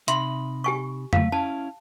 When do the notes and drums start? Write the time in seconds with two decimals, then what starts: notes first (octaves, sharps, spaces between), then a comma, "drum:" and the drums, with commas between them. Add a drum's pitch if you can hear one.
0.08 C3 D#4 E5 B5 C6, drum: hi-hat
0.64 G4 G#5 C#6
1.13 F#3 G#3 A3 F5, drum: tom F2
1.32 C#4 E4 F5 A5